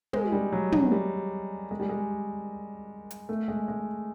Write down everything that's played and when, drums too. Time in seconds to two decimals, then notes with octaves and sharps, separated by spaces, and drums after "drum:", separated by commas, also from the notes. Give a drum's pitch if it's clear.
0.13 G#3, drum: tom
0.32 G3
0.52 F#3
0.72 F#3, drum: tom
0.92 G3
1.71 G#3
1.80 G3
1.89 G#3
3.11 drum: hi-hat
3.29 A3
3.48 G#3
3.68 G#3